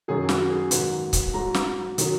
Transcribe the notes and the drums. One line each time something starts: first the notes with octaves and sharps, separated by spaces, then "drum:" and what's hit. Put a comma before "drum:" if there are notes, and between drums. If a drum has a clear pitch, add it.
F#2 D#3 F#3 G#4
F#4, drum: snare
G#4
G#2 D#3 F#3 B4, drum: hi-hat
drum: kick C#1, hi-hat
G#2 F#3 A#5
drum: snare
D#3 F#3, drum: hi-hat